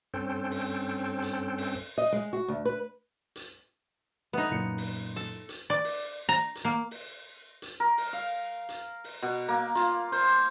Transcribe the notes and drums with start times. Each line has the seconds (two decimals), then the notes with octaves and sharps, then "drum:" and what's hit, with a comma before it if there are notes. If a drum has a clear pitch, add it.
0.14 G2 C4 C#4 A4 C5 G5
0.51 drum: open hi-hat
1.22 drum: hi-hat
1.58 drum: open hi-hat
1.98 D#5
2.12 G#3
2.33 F#4
2.48 D2
2.65 B4
3.36 drum: hi-hat
4.33 A3 B3 D#4
4.49 F#2 A#2 C#7
4.78 drum: open hi-hat
5.16 A4
5.49 drum: hi-hat
5.70 D5
5.84 drum: open hi-hat
6.29 A#5
6.55 drum: hi-hat
6.65 A#3
6.91 drum: open hi-hat
7.62 drum: hi-hat
7.80 A#4
7.98 drum: open hi-hat
8.13 F5
8.69 drum: hi-hat
9.04 drum: open hi-hat
9.23 B2
9.48 A#3
9.75 F4, drum: hi-hat
10.12 C5, drum: open hi-hat